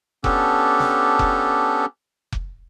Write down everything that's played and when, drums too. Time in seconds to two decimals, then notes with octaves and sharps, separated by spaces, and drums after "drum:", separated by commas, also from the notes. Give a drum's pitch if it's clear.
0.24 B3 C#4 D4 G4 A4, drum: kick F1
0.79 drum: snare
1.19 drum: kick F1
2.32 drum: kick F1